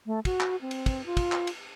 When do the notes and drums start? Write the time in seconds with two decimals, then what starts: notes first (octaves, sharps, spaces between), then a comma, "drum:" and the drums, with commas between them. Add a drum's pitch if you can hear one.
0.06 A3
0.25 F#4, drum: kick, cymbal
0.40 drum: clap
0.61 C4
0.71 drum: cymbal
0.86 drum: kick, cymbal
1.06 F4
1.17 drum: kick, cymbal
1.32 drum: clap
1.47 drum: cymbal